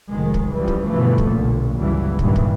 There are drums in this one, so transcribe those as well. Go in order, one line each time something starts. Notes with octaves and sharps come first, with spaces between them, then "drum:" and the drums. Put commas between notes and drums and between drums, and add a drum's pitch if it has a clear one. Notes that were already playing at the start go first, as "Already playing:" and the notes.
F1 D#3 G#3
drum: kick
C#2 E3 F3 G3
drum: kick
G2 B2 D3 E3 F3 A3
drum: kick
F1 B1 A#2 D3
G1 C#2 E3 F#3 G3
C2 G2 A#2 D#3 E3, drum: kick
drum: kick